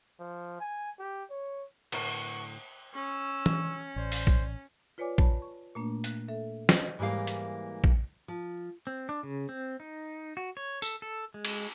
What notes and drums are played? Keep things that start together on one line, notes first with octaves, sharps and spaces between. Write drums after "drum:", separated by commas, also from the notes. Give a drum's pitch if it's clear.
F3
G#5
G4
C#5
D2 A2 B3 A#4 C#6, drum: cymbal
C#4 C#6 E6
drum: tom E3
A1 C5 D5
drum: open hi-hat
drum: kick A#1
F4 B4 C#5 D5 G#5 D6
C#5 A5 B5, drum: kick A#1
C#6
A#2 A3 A#3 D4
F#6, drum: hi-hat
A4 E5
drum: snare
G#2 E3 G3 A#3 F5
drum: hi-hat
drum: kick A#1
F3
C4
D4
C#3
C4
D#4
F#4
C#5
A4, drum: tambourine
A4
G#3
drum: cymbal